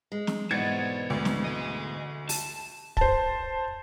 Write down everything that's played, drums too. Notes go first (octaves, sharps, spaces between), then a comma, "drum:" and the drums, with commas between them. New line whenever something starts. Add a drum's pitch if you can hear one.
G#3
drum: snare
G#2 B2 E3 C5 D5 G#6 A6 C#7
D2 G#3
drum: snare
D#5 G#5
A5, drum: open hi-hat
C5 A5, drum: kick